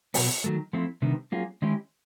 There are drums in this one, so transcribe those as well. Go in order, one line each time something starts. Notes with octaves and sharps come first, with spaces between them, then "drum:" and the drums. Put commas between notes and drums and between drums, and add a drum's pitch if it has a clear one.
B2 F#3 B3, drum: open hi-hat
D#3 F#3 A3
F3 A3 C4 E4
C3 D#3 G3 B3 D4
F#3 A#3 C#4 F4 G#4
D#3 G#3 C#4 E4 G4